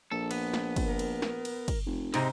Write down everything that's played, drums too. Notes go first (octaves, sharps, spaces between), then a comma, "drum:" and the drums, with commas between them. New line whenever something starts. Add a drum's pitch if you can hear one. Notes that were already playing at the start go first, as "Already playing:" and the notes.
A#1 A4
B3, drum: cymbal
drum: snare
drum: kick, cymbal
A#4
drum: cymbal
drum: snare
drum: cymbal
drum: kick, cymbal
F1
G#2 C3 G#3 D#4 C5, drum: cymbal